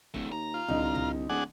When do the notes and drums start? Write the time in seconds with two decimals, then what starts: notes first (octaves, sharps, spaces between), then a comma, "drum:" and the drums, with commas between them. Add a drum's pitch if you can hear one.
0.14 D1 E2 A3, drum: kick F1
0.32 D#2 A#5
0.54 F4
0.68 C2 D3 D#4, drum: tom C#2
0.95 drum: tom C#2
1.29 D1 D4 G#4 F#5